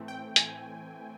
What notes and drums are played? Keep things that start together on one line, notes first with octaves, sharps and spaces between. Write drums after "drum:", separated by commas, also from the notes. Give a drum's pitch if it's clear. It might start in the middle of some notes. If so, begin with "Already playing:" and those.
Already playing: A2 E3 A3 C4
G5
G#5, drum: hi-hat